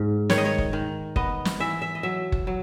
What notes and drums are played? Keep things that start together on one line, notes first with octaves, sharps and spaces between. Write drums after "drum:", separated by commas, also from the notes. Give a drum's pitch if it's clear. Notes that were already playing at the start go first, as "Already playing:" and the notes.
Already playing: G#2
D#3 C#5, drum: snare
D#5
C#5
drum: kick F#1
D#3
B3 D#5, drum: kick F#1
drum: snare
E3 E5
E5
D#5
F#3 E5
drum: kick F#1
F#3